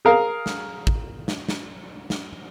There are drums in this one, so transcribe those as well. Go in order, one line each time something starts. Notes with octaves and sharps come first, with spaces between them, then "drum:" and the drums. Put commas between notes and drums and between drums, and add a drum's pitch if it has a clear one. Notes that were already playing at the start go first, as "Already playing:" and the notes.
G#4 A#4 F5
drum: snare
drum: kick
drum: snare
drum: snare
drum: snare